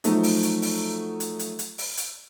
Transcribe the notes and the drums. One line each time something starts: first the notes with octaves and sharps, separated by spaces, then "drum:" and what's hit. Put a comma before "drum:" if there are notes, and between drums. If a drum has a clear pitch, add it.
F3 F#3 A3 D#4, drum: hi-hat
drum: open hi-hat
drum: hi-hat
drum: open hi-hat
drum: hi-hat
drum: hi-hat
drum: hi-hat
drum: open hi-hat
drum: hi-hat